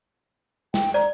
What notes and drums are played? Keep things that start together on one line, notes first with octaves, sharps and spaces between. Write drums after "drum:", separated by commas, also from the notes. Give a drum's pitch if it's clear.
G5, drum: snare
D5 A#5